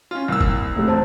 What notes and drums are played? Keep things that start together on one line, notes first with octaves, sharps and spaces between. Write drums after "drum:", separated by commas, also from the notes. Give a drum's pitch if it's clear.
C#4 F4
C2 A#3 E6
drum: kick F1
F1 C3
E1 C5 A5